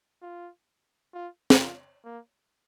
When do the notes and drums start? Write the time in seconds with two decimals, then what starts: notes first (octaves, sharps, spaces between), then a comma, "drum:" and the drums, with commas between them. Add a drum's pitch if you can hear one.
0.23 F4
1.14 F4
1.50 drum: snare
1.59 F4
2.05 A#3